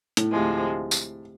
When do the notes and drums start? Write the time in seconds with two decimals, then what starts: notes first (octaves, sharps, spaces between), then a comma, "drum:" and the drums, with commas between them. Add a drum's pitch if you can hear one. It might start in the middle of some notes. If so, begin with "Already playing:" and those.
0.17 A2, drum: hi-hat
0.32 D2 C3 F3 G#3
0.91 drum: tambourine